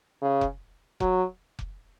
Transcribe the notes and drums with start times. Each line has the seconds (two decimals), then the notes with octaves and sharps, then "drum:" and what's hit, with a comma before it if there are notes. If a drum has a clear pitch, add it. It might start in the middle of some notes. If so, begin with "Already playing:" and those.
0.22 C#3
0.41 drum: kick F1
1.00 F#3, drum: kick F1
1.59 drum: kick F1